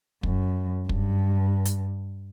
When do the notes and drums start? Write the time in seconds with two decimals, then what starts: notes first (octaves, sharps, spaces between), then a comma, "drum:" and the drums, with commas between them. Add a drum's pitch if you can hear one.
0.23 F#2, drum: kick
0.89 G2, drum: kick
1.65 drum: hi-hat